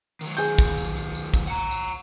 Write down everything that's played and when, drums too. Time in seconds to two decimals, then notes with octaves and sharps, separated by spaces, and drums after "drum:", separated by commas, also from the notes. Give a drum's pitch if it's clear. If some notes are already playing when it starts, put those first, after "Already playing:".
0.21 D#3 F#3, drum: tambourine
0.37 G#4 G6, drum: tambourine
0.59 drum: kick, tambourine
0.77 drum: tambourine
0.96 drum: tambourine
1.15 drum: tambourine
1.34 drum: kick, tambourine
1.47 F#5 A#5
1.71 drum: tambourine